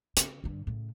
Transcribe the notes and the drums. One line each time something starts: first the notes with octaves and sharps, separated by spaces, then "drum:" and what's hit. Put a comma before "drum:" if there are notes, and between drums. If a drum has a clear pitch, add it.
C#3, drum: hi-hat
G2 D3
A2 C#3